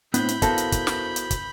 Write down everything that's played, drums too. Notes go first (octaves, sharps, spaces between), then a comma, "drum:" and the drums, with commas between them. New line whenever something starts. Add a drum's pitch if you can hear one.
A2 B3 C4 D4 E4 C5 B5 G6, drum: hi-hat
drum: hi-hat
B3 E4 F#4 A4 A#4 C5 F5, drum: kick, hi-hat
drum: hi-hat
drum: kick, hi-hat
drum: snare
drum: hi-hat
drum: kick, hi-hat